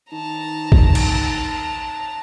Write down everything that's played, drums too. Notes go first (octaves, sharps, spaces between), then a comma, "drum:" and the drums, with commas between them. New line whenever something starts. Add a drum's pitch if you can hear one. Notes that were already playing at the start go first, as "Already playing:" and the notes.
D#3 A5 A#5
drum: kick A1
drum: cymbal